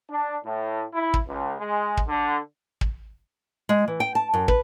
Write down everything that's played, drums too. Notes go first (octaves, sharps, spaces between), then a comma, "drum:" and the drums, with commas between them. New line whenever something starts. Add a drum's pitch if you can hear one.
D4
A2
E4
drum: kick
C#2
G#3
drum: kick
D3
drum: kick
G#3
E3
G5
A5
F#2
B4, drum: kick